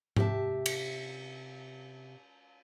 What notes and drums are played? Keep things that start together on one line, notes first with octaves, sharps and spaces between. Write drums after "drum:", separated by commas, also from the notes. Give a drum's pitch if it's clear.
C3 G4 B4 D5 E5 A5, drum: tom G#2
drum: cymbal